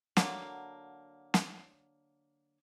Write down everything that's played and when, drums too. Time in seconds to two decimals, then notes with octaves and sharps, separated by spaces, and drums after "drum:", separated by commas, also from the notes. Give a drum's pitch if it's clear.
0.17 D3 F#3 A#3, drum: snare
1.34 drum: snare